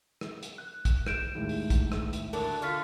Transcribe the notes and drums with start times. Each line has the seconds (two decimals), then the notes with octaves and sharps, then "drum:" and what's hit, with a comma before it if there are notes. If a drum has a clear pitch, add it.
0.21 drum: rim click
0.43 drum: hi-hat
0.58 F#6
0.85 drum: kick, hi-hat
1.07 G6 D7 E7, drum: rim click
1.35 D#2 A2 G#3
1.49 drum: open hi-hat
1.70 drum: kick, hi-hat
1.92 drum: rim click
2.13 drum: hi-hat
2.33 D3 F#3 D4 A#4, drum: open hi-hat
2.62 D3 F4 C#6 F6 B6